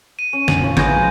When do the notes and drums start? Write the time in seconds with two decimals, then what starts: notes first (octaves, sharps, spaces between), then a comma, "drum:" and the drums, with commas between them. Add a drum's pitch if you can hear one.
0.19 D#7
0.33 C#4
0.48 F#2, drum: snare
0.60 A#2 F3 C#4
0.77 A1 G#3 B4 D#6 G6 G#6 A#6, drum: snare
0.97 F#3